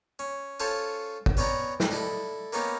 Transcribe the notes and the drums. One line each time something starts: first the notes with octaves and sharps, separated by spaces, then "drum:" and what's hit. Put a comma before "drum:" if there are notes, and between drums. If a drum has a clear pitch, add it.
C#4
C#4 F4 A4 C5 C#5 A5
drum: kick
B3 C#4 C#5 D5 G5 A#5
drum: snare
E4 A4 D5 D#5
A#3 B3 C#4 D#4 G4